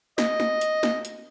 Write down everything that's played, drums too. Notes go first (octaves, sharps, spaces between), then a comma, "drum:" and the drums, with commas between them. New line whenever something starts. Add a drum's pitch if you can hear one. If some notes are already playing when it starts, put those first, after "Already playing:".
D#5, drum: snare
drum: snare
drum: hi-hat
drum: snare
drum: hi-hat